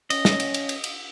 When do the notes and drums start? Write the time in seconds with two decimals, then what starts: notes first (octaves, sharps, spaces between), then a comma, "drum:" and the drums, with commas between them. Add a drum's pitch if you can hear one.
0.10 C#4 D#5, drum: cymbal
0.25 drum: snare
0.40 drum: cymbal
0.54 drum: cymbal
0.69 drum: cymbal
0.84 drum: cymbal